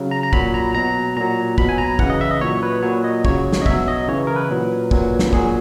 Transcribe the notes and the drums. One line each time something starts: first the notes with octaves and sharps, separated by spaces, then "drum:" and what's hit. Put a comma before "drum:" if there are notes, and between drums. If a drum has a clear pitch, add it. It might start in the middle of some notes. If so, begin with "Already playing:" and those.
Already playing: C#3 F#3
A#5
A#5
A#2 F#3 B5, drum: kick
A#5
B2 F#3 A#5
A#2 F#3 A#5
B2 F#3 B5, drum: kick
G#5
A#5
C#3 E3 F#5, drum: kick
D#5
E5
D#5
A#2 F#3 C#5
B4
A#2 F#3 C#5
D#5
C#3 F#3 C#5, drum: kick
drum: snare
D#5
B2 F#3 E5, drum: kick
D#5
C#3 E3 C#5
A#4
B4
A#2 F#3
A#2 F#3, drum: kick
drum: snare
A#2 F#3 G#4, drum: kick